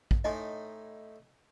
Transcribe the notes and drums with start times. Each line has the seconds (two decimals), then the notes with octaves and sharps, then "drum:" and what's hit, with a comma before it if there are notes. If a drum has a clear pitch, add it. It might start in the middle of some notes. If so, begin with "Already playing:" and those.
0.11 drum: kick
0.24 A2 D#4 D#5 G#5 C6